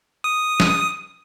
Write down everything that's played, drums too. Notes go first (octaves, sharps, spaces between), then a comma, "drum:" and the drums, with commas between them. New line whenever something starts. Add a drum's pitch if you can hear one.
D#6
drum: snare